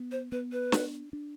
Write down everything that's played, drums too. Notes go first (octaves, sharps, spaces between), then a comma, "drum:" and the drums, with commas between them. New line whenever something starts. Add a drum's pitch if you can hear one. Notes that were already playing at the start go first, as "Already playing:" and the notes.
Already playing: B3
C5
B3 B4
B4
D4, drum: snare
D4